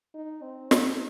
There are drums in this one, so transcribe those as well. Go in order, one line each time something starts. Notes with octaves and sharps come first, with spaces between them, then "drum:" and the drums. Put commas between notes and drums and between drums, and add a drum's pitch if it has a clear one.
D#4
C4
D#4, drum: snare